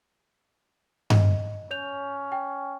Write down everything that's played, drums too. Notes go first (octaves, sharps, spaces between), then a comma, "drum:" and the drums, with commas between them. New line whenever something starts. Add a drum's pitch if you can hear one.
D#5, drum: tom G2
C#4 C#5 G6 F7
G5